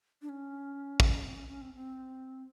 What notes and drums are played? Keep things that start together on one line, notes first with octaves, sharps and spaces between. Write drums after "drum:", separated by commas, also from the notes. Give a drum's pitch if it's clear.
D4
C#4
drum: kick
C4
C#4
C#4
C4
C4